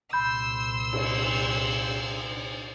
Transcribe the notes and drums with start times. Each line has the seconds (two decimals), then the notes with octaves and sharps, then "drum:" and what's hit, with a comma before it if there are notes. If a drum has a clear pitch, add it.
0.13 C2 A#2 B5 C6 E6 G6
0.93 drum: cymbal